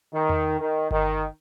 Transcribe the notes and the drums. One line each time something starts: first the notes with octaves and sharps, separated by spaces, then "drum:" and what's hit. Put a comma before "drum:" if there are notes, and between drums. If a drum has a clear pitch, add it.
D#3
drum: tom E2
D#3
D#3, drum: kick G1